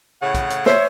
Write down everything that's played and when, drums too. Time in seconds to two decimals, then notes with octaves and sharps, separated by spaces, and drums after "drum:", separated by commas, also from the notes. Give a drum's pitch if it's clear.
0.22 A2 C#3 F#5
0.34 drum: kick, hi-hat
0.50 drum: hi-hat
0.66 C5 C#5 E5, drum: snare